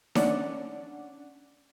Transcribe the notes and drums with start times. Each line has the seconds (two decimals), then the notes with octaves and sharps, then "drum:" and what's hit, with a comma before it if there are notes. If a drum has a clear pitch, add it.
0.15 C#4 D4 D5 F#5, drum: snare D#4